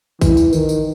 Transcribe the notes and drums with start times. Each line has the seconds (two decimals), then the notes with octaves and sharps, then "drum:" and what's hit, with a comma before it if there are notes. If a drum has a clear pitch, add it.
0.21 E3, drum: kick, tambourine
0.37 drum: tambourine
0.53 D#3, drum: tambourine
0.69 drum: tambourine